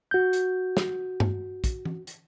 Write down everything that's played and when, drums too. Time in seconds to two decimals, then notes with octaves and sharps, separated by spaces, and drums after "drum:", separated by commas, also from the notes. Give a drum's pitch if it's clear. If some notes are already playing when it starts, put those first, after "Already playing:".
0.11 F#4 G6
0.33 drum: hi-hat
0.77 drum: snare
1.20 drum: tom G2
1.64 drum: kick, hi-hat
1.85 drum: tom E3
2.07 drum: hi-hat